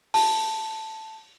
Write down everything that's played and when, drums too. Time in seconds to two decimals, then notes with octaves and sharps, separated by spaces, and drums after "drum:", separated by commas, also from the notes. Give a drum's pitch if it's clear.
0.14 A5, drum: open hi-hat